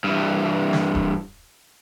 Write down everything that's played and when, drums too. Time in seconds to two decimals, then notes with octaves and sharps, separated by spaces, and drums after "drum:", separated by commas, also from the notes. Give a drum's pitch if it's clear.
0.04 G2 E3
0.73 drum: snare
0.95 drum: kick D1